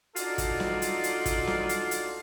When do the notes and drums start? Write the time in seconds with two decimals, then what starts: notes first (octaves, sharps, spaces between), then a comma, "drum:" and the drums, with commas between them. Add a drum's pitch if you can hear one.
0.16 D4 D#4 F4 F#4 A4 D5, drum: hi-hat
0.38 drum: kick, hi-hat
0.60 drum: snare
0.82 drum: hi-hat
1.04 drum: hi-hat
1.26 drum: kick, hi-hat
1.47 drum: snare
1.69 drum: hi-hat
1.91 drum: hi-hat